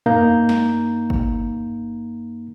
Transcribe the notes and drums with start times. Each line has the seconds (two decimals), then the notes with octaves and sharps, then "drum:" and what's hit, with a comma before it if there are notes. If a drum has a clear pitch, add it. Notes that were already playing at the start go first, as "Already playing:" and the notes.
0.06 G2 A#3 D#4 A#5 G6, drum: tom
0.49 drum: snare
1.10 drum: kick G1